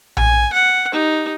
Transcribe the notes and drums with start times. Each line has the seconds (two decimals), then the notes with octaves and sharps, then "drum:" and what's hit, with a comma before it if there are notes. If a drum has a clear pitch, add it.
0.17 G#5, drum: tom A#1
0.53 F#5
0.93 D#4 G4